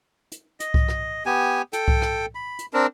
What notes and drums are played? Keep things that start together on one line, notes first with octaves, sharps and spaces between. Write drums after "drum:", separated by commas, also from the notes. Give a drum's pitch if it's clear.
drum: hi-hat
D#5, drum: hi-hat
drum: kick C2
drum: rim click
B3 G4 G#5
A4 G5, drum: hi-hat
drum: kick C2
drum: rim click
B5
drum: hi-hat
C4 D4 A#4